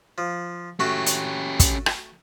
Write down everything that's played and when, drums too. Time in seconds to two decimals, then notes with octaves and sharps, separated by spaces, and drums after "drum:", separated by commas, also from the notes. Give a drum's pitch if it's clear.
0.18 F3
0.80 A3 C#4 F#4 G4 G5
1.06 drum: hi-hat
1.60 drum: kick, hi-hat
1.86 drum: rim click